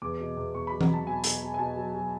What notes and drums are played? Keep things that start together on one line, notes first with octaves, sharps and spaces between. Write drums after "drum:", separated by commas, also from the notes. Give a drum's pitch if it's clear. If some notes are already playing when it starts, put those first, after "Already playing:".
E2 D6
B2
E2
E2 C#6
F#3 B5
A#5, drum: tom E3
F#3 A5
B2 G#5
B2, drum: hi-hat
B2
G#5
B2 A5
F#3
F#3